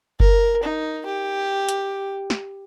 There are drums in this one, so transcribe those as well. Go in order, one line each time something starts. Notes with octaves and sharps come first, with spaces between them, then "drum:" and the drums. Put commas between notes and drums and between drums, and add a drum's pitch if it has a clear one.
A#4, drum: kick F#1
D#4
G4
drum: hi-hat
drum: snare